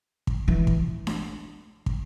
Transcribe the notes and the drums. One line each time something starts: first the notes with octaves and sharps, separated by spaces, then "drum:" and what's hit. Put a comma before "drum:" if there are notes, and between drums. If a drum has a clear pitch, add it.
drum: kick
E3
drum: kick
drum: snare D4
drum: kick